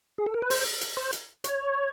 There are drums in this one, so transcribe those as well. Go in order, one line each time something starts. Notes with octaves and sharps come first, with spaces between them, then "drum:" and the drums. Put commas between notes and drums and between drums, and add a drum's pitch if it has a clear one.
G#4
A4
A#4
B4
C5, drum: open hi-hat
drum: hi-hat
C5
drum: hi-hat
C#5, drum: hi-hat